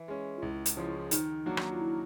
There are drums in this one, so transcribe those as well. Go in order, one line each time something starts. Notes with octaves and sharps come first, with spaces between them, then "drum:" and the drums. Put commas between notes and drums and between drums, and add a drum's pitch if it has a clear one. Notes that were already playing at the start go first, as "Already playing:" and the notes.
Already playing: E3
G#3 C#4
F4
C#2 E4
drum: hi-hat
C#3 F3 G#3 C#4
D#3 D#4, drum: hi-hat
F#3 A#3 D4 F#4
drum: rim click
F4
E4